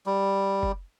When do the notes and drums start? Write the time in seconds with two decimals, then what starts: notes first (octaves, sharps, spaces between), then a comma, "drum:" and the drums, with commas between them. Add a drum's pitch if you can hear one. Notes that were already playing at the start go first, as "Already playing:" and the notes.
0.06 G3
0.63 drum: kick F#1